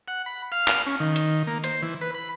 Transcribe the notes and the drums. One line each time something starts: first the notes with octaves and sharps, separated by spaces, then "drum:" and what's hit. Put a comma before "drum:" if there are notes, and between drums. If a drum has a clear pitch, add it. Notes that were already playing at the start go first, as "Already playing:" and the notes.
F#5
B5
F5
drum: clap
C#4
D#3
drum: hi-hat
A#3
C5, drum: hi-hat
E3
B4
B5